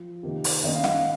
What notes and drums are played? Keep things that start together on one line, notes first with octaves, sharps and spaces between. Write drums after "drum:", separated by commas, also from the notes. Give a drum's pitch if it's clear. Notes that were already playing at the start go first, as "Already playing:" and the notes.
Already playing: F3
C3 D#3 A#3 D#4
drum: open hi-hat
D#3 A#3 C#4 D#5
F5
D#5 F#5, drum: snare
F5